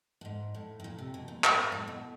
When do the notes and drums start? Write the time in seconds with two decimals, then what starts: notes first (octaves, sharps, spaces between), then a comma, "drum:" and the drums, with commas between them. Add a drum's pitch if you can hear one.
0.21 A2
0.25 G#2
0.55 A2
0.80 A2
0.84 A#2
0.98 C3
1.14 B2
1.28 A#2
1.44 G#2, drum: clap
1.72 A2
1.88 B2